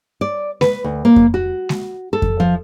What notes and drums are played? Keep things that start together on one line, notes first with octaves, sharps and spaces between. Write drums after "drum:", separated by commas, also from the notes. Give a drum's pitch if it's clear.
D5
B4, drum: snare G#3
D2
A#3
drum: kick F2
F#4
drum: snare G#3
A4
drum: kick F2
F3